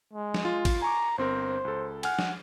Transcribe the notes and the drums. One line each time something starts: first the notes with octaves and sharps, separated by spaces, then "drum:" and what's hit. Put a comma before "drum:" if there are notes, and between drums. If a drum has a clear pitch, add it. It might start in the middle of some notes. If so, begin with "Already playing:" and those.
G#3
drum: snare
F4
drum: kick, cymbal
G#5 A#5 C#6 D6
G1 C4 A#4 C5
C#2 A4
F#5 G#5 F6, drum: cymbal
drum: snare